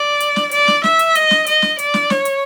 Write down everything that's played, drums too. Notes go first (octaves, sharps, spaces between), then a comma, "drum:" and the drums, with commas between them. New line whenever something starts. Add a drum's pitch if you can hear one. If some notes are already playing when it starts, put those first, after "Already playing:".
Already playing: D5
drum: hi-hat
drum: snare
D5, drum: hi-hat
drum: snare
E5, drum: snare
drum: hi-hat
D#5, drum: hi-hat
drum: snare
D#5, drum: hi-hat
drum: snare
D5, drum: hi-hat
drum: snare
C#5, drum: snare
drum: hi-hat